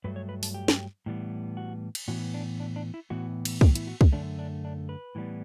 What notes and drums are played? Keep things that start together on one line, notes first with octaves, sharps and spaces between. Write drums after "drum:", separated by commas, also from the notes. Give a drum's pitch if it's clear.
G2 F#3 A3 B4
C#5
B4
A4, drum: open hi-hat
G4
drum: snare
A2 E3 G3 B3
F#4
drum: cymbal
A2 E3 B3 F#4
D4
D4
D4
E4
A2 E3 B3 F#4
drum: cymbal
G4, drum: kick
E4, drum: hi-hat
F#4
drum: kick
F#2 D3 A3 D4
D4
D4
B4
A2 E3 G3 B3